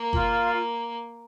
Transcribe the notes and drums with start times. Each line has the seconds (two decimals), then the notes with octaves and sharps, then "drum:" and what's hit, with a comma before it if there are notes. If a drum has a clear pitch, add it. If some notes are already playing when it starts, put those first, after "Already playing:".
Already playing: A#3
0.13 F4, drum: kick G1